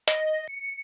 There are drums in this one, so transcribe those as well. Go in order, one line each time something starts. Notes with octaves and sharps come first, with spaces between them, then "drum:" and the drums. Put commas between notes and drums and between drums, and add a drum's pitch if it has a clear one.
D#5, drum: hi-hat
C#7